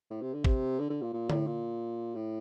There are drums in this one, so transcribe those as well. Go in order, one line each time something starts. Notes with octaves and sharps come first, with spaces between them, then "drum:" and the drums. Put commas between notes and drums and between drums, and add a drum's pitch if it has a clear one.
A2
C3
D3
C3, drum: kick
D3
D3
A#2
A#2
A2, drum: tom D3
A#2
A2